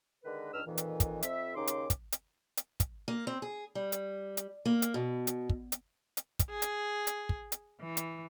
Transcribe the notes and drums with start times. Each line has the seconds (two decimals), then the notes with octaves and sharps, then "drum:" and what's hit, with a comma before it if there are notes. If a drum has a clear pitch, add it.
0.24 D3 D#3 G#3 A#4 B4
0.52 C#2 D4 D#4 B4 E6 F6
0.67 F2 A#2 D#3 E3
0.78 drum: hi-hat
1.00 drum: kick, hi-hat
1.22 F2 E5, drum: hi-hat
1.55 D#2 C#3 C#4 D#4 C6 D6
1.67 drum: hi-hat
1.90 drum: kick, hi-hat
2.12 drum: hi-hat
2.57 drum: hi-hat
2.80 drum: kick, hi-hat
3.08 A#3
3.27 C4
3.42 G#4
3.75 G3
3.92 drum: hi-hat
4.37 drum: hi-hat
4.65 A#3
4.82 drum: hi-hat
4.94 B2
5.27 drum: hi-hat
5.50 drum: kick
5.72 drum: hi-hat
6.17 drum: hi-hat
6.39 drum: kick, hi-hat
6.50 G#4
6.62 drum: hi-hat
7.07 drum: hi-hat
7.29 drum: kick
7.52 drum: hi-hat
7.80 E3
7.97 drum: hi-hat